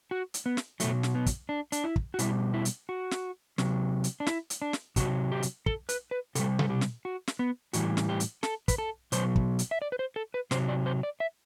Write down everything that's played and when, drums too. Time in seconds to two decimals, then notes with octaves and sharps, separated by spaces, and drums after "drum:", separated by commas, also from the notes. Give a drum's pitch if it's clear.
0.11 F#4
0.34 drum: hi-hat
0.46 B3
0.57 drum: snare
0.80 B2 F#3 A3, drum: hi-hat
1.03 drum: snare
1.15 B3
1.26 drum: kick, hi-hat
1.49 D4
1.72 D4, drum: hi-hat
1.84 E4
1.96 drum: kick
2.14 F#4
2.19 B2 G3 E4, drum: hi-hat
2.54 E4
2.65 drum: hi-hat
2.89 F#4
3.11 drum: snare
3.58 C3 F#3, drum: snare
4.04 drum: hi-hat
4.20 D4
4.27 E4, drum: snare
4.50 drum: hi-hat
4.62 D4
4.73 drum: snare
4.96 C3 F#3 F#4, drum: kick, hi-hat
5.32 G4
5.43 drum: hi-hat
5.66 A4, drum: kick
5.89 B4, drum: hi-hat
6.11 B4
6.35 C3 G3 A4, drum: hi-hat
6.59 A4, drum: tom B2
6.70 G4
6.81 drum: snare
7.05 F#4
7.28 drum: snare
7.39 B3
7.73 A2 E3 G3 F#4, drum: hi-hat
7.97 drum: snare
8.09 G4
8.20 drum: hi-hat
8.43 A4, drum: snare
8.68 B4, drum: kick, hi-hat
8.78 A4
9.12 B2 F#3 C5, drum: hi-hat
9.36 drum: kick
9.59 drum: hi-hat
9.71 E5
9.82 D5
9.92 B4
9.99 C5
10.16 A4
10.34 B4
10.51 C3 F#3 C5, drum: snare
10.68 D5
10.86 C5
11.03 D5
11.20 E5